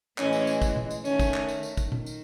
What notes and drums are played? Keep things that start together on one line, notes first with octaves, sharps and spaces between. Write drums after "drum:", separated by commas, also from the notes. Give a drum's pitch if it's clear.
A2 E3 G#3 C#4, drum: clap
drum: tambourine
drum: tambourine
drum: kick, tambourine
drum: tom A#2
drum: tambourine
D#3 A3 C#4, drum: tambourine
drum: kick, tambourine
drum: clap
drum: tambourine
drum: tambourine
drum: kick, tambourine
D#3, drum: tom A#2
drum: tambourine